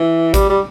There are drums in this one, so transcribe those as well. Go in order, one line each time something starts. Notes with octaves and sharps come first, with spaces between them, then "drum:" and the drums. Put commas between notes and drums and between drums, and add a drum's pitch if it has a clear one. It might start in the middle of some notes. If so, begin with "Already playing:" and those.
Already playing: E3
G3, drum: kick, hi-hat
G3